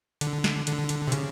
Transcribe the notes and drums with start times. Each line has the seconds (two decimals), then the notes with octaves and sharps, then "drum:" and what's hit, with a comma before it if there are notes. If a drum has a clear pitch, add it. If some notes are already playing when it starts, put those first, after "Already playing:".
0.21 D3, drum: hi-hat
0.44 drum: snare
0.67 D3, drum: hi-hat
0.89 drum: hi-hat
1.08 C3
1.12 C#3, drum: hi-hat